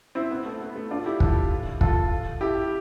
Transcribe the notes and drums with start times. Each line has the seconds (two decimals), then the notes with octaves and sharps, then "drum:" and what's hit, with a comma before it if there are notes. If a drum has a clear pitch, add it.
0.15 C4 E4
0.31 B3
0.46 A3
0.61 B3
0.76 A3
0.91 D4 F4
1.06 E4 G4
1.20 F4 A4, drum: kick
1.81 F4 A4, drum: kick
2.41 E4 G4